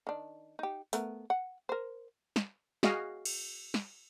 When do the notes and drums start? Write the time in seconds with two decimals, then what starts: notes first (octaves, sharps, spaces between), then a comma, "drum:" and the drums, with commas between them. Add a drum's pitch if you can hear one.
0.07 D#3 D4
0.59 D#4 G4
0.93 A3 B3 A#4, drum: hi-hat
1.30 F#5
1.69 A#4 C5
2.36 drum: snare
2.83 F#4 G#4 D#5 F5, drum: snare
3.25 drum: cymbal
3.74 drum: snare